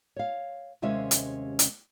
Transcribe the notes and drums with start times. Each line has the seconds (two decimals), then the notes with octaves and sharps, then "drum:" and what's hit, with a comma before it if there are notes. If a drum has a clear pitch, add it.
0.16 C#5 F5
0.82 D#2 C3 G#3 C#4 E5 F5
1.11 drum: hi-hat
1.59 drum: hi-hat